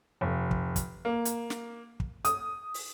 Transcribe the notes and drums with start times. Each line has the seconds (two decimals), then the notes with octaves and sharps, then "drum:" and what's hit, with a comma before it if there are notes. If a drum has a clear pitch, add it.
0.21 F1
0.51 drum: kick
0.76 drum: kick, hi-hat
1.05 A#3
1.25 drum: hi-hat
1.50 drum: snare
2.00 drum: kick
2.25 D#6, drum: hi-hat
2.74 drum: open hi-hat